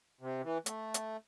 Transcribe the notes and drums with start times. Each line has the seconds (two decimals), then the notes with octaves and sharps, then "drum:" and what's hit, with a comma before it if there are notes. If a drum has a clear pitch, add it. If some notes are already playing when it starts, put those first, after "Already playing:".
0.21 C3
0.44 E3
0.66 A3, drum: hi-hat
0.94 drum: hi-hat